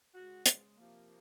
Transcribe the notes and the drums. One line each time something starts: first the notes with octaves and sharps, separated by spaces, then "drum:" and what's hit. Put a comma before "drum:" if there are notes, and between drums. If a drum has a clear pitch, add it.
C#3 G#3 F#4
drum: hi-hat
C3 F3 A#3